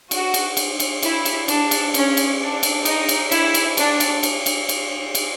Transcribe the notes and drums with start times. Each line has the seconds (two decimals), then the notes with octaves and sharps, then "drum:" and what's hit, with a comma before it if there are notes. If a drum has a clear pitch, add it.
0.11 F#4, drum: cymbal
0.34 drum: cymbal
0.57 drum: cymbal
0.80 drum: cymbal
1.03 E4, drum: cymbal
1.25 drum: cymbal
1.48 D4, drum: cymbal
1.71 drum: cymbal
1.94 C#4, drum: cymbal
2.17 drum: cymbal
2.40 D4
2.63 drum: cymbal
2.85 D#4, drum: cymbal
3.09 drum: cymbal
3.32 E4, drum: cymbal
3.54 drum: cymbal
3.77 D4, drum: cymbal
4.00 drum: cymbal
4.23 drum: cymbal
4.46 drum: cymbal
4.69 drum: cymbal
5.15 drum: cymbal